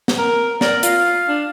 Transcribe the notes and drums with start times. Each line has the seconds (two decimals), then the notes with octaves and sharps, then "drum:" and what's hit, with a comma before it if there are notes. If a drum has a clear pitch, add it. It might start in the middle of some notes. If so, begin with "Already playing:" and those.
0.08 drum: snare
0.18 A#4
0.61 A#4 D5, drum: snare
0.83 F4 F5, drum: hi-hat
1.28 D4